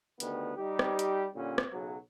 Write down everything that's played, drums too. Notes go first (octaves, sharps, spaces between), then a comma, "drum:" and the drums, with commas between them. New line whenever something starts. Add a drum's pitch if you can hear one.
D2 D#3 G3 B3, drum: hi-hat
G3 D#4 G4
drum: rim click
drum: hi-hat
A#2 D3 G3 C#4
drum: rim click
B1 C#3 F#3